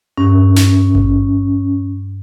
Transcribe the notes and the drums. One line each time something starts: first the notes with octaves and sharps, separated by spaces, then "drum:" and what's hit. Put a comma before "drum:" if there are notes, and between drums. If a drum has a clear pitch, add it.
G2 C#4
drum: snare
drum: kick G#1